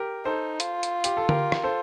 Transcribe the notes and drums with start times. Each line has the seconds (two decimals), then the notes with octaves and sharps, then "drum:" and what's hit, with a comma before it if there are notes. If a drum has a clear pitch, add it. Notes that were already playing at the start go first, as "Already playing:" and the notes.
Already playing: G4 A#4
0.25 D#4 A4 C5
0.60 F4, drum: hi-hat
0.83 drum: hi-hat
1.04 G4, drum: hi-hat
1.17 A4
1.29 G4 A#4, drum: tom D3
1.52 drum: rim click
1.64 A4 C5